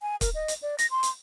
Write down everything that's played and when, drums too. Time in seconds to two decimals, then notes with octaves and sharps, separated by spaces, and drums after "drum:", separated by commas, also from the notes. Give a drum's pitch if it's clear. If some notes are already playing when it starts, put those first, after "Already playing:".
0.02 G#5
0.21 A#4, drum: kick, hi-hat
0.35 D#5
0.48 drum: hi-hat
0.62 D5
0.79 A#6, drum: hi-hat
0.91 C6
1.03 drum: hi-hat